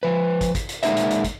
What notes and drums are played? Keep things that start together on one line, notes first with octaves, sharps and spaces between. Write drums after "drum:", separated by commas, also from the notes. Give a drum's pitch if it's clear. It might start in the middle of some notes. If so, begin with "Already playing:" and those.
F3 B4
drum: kick, hi-hat
drum: kick, hi-hat
drum: hi-hat
G#3 A#3 D#4 G4 C5 E5, drum: hi-hat
drum: hi-hat
drum: hi-hat
drum: kick, hi-hat